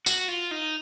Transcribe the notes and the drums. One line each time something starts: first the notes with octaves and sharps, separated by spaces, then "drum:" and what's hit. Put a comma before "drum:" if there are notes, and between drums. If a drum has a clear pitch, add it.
F#4, drum: tambourine
F4
D#4